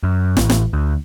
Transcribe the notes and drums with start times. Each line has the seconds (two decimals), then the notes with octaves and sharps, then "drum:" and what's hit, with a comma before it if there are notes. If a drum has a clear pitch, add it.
0.03 F#2
0.37 A1, drum: snare
0.50 drum: snare
0.73 D2